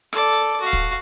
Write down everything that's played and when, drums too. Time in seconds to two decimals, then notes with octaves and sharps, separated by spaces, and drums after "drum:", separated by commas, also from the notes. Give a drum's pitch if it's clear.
0.13 A4 D5, drum: rim click
0.33 drum: hi-hat
0.61 F#4 F5
0.73 drum: kick